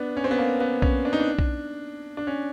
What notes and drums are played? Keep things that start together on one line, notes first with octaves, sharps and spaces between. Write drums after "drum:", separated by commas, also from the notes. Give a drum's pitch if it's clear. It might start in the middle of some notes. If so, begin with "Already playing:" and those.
Already playing: B3 D4
C#4
C4
B3
A#3
B3
C#4, drum: kick B1
D4
D#4
D4
drum: kick B1
D4
C#4